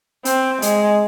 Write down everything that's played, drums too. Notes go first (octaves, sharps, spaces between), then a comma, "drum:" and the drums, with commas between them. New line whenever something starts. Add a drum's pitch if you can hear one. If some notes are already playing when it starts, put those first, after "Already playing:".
C4, drum: hi-hat
G#3, drum: hi-hat